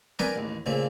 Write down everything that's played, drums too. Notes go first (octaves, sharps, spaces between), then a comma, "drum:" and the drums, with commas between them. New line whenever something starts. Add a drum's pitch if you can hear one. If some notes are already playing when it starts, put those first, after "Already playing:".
A#4 B4 D5 G5 G#5, drum: snare
A1 D#2
A#2 C#3 A3 A#3 C4